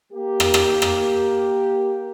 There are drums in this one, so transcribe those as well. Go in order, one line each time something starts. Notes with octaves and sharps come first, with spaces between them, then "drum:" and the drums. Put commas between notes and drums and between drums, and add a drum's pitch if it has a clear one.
A#3 G4
drum: rim click
drum: rim click
drum: rim click